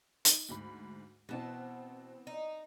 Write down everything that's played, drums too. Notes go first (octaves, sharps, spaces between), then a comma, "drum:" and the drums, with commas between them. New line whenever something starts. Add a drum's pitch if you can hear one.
D#4, drum: hi-hat
D2 G#2 B5
B2 E3 B3 C4 A5
D#4